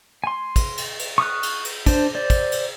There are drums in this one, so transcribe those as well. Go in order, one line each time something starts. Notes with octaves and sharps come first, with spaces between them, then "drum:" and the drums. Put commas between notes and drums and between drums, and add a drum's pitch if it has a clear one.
G#5 C6
drum: kick, cymbal
drum: cymbal
drum: cymbal
C#6 D#6 F6 F#6
drum: cymbal
drum: cymbal
D4 C5, drum: kick, cymbal
C5 D5
drum: kick, cymbal
drum: cymbal